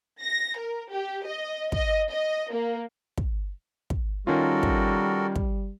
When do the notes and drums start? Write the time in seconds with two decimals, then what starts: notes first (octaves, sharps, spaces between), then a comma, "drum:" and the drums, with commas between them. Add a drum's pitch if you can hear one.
0.22 A#6
0.58 A#4
0.91 G4
1.26 D#5
1.72 D#5, drum: kick
2.12 D#5
2.52 A#3
3.18 drum: kick
3.90 drum: kick
4.27 D#3 G3 C#4 F4 F#4 A4 A#4
4.63 drum: kick
5.36 drum: kick